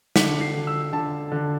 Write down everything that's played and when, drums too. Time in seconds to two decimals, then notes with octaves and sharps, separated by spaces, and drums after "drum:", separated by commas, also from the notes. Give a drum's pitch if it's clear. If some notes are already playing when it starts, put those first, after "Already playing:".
0.16 D3 B6, drum: snare
0.41 C7
0.55 D3
0.67 E6
0.92 D3 A5
1.32 D3